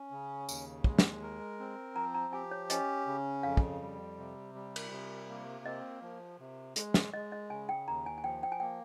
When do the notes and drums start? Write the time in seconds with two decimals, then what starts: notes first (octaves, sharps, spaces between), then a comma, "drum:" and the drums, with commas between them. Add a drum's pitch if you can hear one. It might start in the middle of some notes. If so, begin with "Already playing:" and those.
Already playing: C#4
0.11 C#3
0.49 D#2, drum: tambourine
0.84 G#3, drum: kick
0.99 drum: snare
1.22 A#4
1.60 C4
1.95 F3 A#5
2.14 A#5
2.33 G4 G#5
2.51 C#5
2.70 C#4 D#5, drum: hi-hat
3.07 C#3
3.43 F2 F5
3.57 drum: kick
3.81 G3
4.18 C3
4.55 G3
4.76 drum: cymbal
4.91 C3
5.29 A#3
5.65 C4 D#5
6.02 F3
6.40 C3
6.76 G#3, drum: hi-hat
6.94 drum: snare
7.13 G#3 D#5
7.32 D#5
7.50 C#3 G#5
7.69 G5
7.88 D#2 A#5
8.06 G#5
8.18 G#5
8.24 F3 G5
8.43 G5
8.52 G#5
8.60 A#3 G5